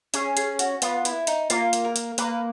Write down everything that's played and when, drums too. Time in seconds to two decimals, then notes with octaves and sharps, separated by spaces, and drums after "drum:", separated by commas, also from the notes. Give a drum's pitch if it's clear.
0.14 C#4 G#4, drum: hi-hat
0.37 G#4, drum: hi-hat
0.59 F#4, drum: hi-hat
0.82 B3 F4, drum: hi-hat
1.05 E4, drum: hi-hat
1.27 D#4, drum: hi-hat
1.50 A#3 F4, drum: hi-hat
1.73 drum: hi-hat
1.85 A#4
1.96 drum: hi-hat
2.18 A#3 B4, drum: hi-hat